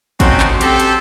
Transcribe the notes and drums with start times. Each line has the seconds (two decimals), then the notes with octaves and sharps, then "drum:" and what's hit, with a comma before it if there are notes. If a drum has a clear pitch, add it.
0.20 C4 C#4 D#4 F#4 A4 C5, drum: kick, hi-hat
0.40 drum: clap
0.61 C4 G4 A4, drum: hi-hat
0.80 drum: hi-hat